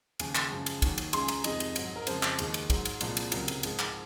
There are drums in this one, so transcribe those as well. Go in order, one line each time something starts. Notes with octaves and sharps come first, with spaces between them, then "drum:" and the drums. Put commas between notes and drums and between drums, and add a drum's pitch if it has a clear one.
D#2 C#3 F3 G#5, drum: cymbal
drum: clap
F#2 C#3 F3 G#3
drum: cymbal
D#2 D#3 F#3, drum: kick, cymbal
drum: cymbal
C#2 C#3 G#3 C6, drum: cymbal
G#5
A#5, drum: cymbal
F2 C3 D#3 G#3 D#5, drum: cymbal
drum: cymbal
G#2 F#3, drum: cymbal
A#4
F2 C#3 F3 G#3 C5, drum: cymbal
drum: clap
D#2 D#3 G#3, drum: cymbal
drum: cymbal
G#2 F#3, drum: kick, cymbal
drum: cymbal
C2 A#2 F3 G#3, drum: cymbal
drum: cymbal
C#2 C3 F#3 A#4, drum: cymbal
drum: cymbal
G#2 F3 G#3, drum: cymbal
drum: clap